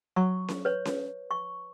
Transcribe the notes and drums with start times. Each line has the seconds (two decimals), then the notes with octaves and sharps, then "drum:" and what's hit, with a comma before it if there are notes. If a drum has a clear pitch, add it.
0.16 F#3 C#6
0.48 drum: snare C#4
0.65 B4 C#5
0.85 drum: snare C#4
1.31 C#6